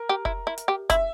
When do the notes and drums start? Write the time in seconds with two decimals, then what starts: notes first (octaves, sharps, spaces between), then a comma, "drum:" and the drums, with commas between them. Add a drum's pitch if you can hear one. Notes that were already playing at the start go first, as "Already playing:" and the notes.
Already playing: A#4
0.09 G4
0.25 E4, drum: kick F1
0.47 E4
0.58 drum: hi-hat
0.68 G4
0.90 E4 E5, drum: kick F1, hi-hat